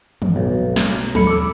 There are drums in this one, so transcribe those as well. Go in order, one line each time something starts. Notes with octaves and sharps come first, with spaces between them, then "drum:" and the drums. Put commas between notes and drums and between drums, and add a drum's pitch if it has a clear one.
G2, drum: tom
B1 A2 B3
B2
drum: snare
A#3
D#2 A2 F#3 A4 B5 C#7, drum: tom
D6 E6